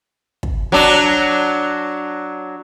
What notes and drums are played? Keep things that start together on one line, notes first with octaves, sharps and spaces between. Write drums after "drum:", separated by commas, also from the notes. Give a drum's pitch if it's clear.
drum: kick
F#3 D4